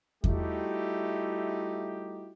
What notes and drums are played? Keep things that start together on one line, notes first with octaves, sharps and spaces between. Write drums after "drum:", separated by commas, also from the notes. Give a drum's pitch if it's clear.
G3 A3 D#4 E4 F#4 G4, drum: kick E2